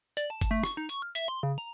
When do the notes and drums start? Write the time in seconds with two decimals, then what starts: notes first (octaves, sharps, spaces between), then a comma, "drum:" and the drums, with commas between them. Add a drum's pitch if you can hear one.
0.17 D5, drum: hi-hat
0.30 A5
0.41 drum: kick G1, hi-hat
0.51 A3
0.64 C#6, drum: rim click
0.77 D#4
0.89 C#6, drum: hi-hat
1.02 F6
1.15 E5, drum: hi-hat
1.28 C6
1.43 C#3
1.58 A#5